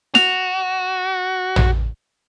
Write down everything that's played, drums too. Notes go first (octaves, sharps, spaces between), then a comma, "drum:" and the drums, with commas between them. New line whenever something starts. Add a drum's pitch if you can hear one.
F#4 F7, drum: snare
drum: tom